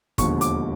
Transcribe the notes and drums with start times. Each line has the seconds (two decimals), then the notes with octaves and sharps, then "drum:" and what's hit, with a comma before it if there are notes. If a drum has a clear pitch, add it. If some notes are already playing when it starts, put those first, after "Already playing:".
0.18 E1 D#2 D3 F3 C#6, drum: kick, hi-hat
0.41 D6, drum: hi-hat